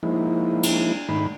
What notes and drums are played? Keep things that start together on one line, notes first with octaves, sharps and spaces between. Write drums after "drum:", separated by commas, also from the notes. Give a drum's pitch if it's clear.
F3 G#3 A#3 D#4 E4
drum: cymbal
G#2 D#3 A3 D#4 B5